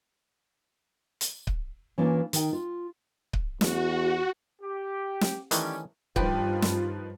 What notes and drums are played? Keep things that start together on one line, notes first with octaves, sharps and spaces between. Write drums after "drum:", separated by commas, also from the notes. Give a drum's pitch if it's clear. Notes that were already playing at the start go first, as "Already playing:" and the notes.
drum: hi-hat
drum: kick C#1
E3 A#3 C#4 D4 F4
D#3 G5, drum: hi-hat
F4
drum: kick C#1
E2 F#4, drum: snare
G4
drum: snare
D#3 E3 G3 A3 C#4, drum: hi-hat
G2 D#3 F3 F4 G4 B4, drum: kick C#1
drum: snare